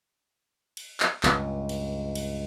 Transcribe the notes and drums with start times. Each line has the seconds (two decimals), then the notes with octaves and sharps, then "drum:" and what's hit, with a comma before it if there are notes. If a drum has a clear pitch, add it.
0.77 drum: cymbal
1.00 drum: clap
1.23 C#2 G2, drum: clap
1.69 drum: cymbal
2.15 drum: cymbal